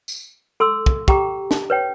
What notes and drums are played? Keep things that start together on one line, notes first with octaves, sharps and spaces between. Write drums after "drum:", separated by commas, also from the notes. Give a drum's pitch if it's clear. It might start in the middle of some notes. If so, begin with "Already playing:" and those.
drum: tambourine
A4 C6 D6 E6
drum: kick
G4 G5 A#5 D6, drum: kick
drum: snare
B4 C#5 G5